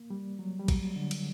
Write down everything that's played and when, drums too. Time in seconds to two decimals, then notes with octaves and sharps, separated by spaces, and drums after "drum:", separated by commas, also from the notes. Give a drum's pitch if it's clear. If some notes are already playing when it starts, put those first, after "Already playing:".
Already playing: A#3
0.10 G3
0.39 F#3
0.60 G3
0.68 F#3, drum: kick A1, cymbal
0.96 D3
1.11 drum: cymbal